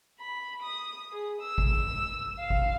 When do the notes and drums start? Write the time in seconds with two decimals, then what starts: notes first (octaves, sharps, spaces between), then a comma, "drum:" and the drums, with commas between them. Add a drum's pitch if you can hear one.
0.20 B5
0.62 D#6
1.12 G#4
1.41 E6
1.58 drum: kick G#1
2.39 F5
2.50 drum: kick G#1